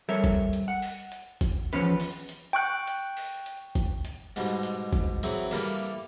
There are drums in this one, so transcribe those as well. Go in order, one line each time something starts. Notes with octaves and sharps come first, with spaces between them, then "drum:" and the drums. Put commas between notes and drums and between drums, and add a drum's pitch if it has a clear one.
G3 C4 A4 A#4 C#5 E5
drum: kick, hi-hat
drum: hi-hat
F#5
drum: open hi-hat
drum: hi-hat
drum: kick, hi-hat
E2 F3 B3 C#4 B4, drum: hi-hat
drum: open hi-hat
drum: hi-hat
G5 C#6 F#6
drum: hi-hat
drum: open hi-hat
drum: hi-hat
drum: kick, hi-hat
drum: hi-hat
G#2 B2 G3, drum: open hi-hat
drum: hi-hat
drum: kick, hi-hat
E3 F#3 C4 G#4, drum: hi-hat
E3 G3 A#3 A4 D5, drum: open hi-hat